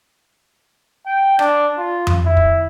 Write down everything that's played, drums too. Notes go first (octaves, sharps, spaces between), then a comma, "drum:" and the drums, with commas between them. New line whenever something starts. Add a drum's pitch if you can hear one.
G5
D4, drum: rim click
F4
drum: tom F2
E4
drum: kick